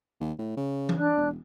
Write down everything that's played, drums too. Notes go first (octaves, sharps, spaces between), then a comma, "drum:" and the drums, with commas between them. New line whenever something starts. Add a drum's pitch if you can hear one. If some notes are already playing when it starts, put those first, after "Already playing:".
D#2
A2
C#3
drum: tom E3
D4 D5 F#6
E1